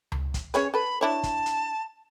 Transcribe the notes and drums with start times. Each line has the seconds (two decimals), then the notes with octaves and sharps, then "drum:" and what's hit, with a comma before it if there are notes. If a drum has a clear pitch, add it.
0.12 drum: tom C#2
0.34 drum: kick, hi-hat
0.54 C#4 G#4 B4 C#5, drum: hi-hat
0.74 A4 B4 B5
1.01 D4 E4 C#5 A5
1.23 drum: kick, hi-hat
1.46 drum: hi-hat